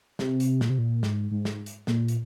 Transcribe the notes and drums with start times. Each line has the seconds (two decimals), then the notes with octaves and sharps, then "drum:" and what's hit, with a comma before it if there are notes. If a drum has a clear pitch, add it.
0.19 C3, drum: snare
0.40 drum: hi-hat
0.61 A#2, drum: snare
0.70 C3
0.78 A#2
1.03 G#2, drum: snare
1.31 G#2
1.45 drum: snare
1.66 drum: hi-hat
1.87 A#2, drum: snare
2.08 drum: hi-hat